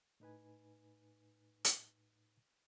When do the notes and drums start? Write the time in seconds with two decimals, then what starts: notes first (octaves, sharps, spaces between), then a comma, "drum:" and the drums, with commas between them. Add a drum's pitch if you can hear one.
0.20 A2 D#4 B4 G#5
1.65 drum: hi-hat